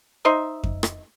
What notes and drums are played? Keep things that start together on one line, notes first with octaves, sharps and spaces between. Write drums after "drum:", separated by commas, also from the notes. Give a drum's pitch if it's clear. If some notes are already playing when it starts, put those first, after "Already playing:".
D#4 C5 D#5 E5
drum: kick F2
drum: rim click